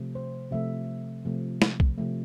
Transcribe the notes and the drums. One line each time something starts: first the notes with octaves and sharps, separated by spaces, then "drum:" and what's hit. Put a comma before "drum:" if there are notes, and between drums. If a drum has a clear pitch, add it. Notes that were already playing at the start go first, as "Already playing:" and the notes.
Already playing: C3 F3 A3
C5
C3 F3 A3 E5
C3 F3 A3
drum: snare
drum: kick
C3 F3 A3